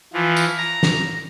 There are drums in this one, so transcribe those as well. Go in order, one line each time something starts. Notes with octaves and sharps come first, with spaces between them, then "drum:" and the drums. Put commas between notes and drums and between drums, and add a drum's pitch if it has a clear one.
E3 F3
drum: tambourine
A#5
drum: snare